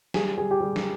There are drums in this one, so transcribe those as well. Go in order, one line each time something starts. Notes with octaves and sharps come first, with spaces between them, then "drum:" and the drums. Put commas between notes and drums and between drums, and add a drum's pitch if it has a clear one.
G3 G#4, drum: snare
G3 G#4
G4
G3 G#4
drum: snare